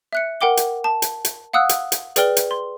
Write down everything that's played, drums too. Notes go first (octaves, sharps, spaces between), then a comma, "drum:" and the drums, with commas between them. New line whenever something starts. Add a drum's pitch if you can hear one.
E5 F#6 C#7
A#4 F#5 G5 D6 G7
drum: hi-hat
A5
drum: hi-hat
drum: hi-hat
F5 F#5 D#6 E6 F#6
drum: hi-hat
drum: hi-hat
G#4 B4 D5 G5 F6 G7, drum: hi-hat
drum: hi-hat
C6